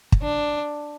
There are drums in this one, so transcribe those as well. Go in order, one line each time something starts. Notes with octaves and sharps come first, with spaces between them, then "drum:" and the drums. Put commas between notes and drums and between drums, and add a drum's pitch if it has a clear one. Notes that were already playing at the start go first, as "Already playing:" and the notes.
drum: kick
D4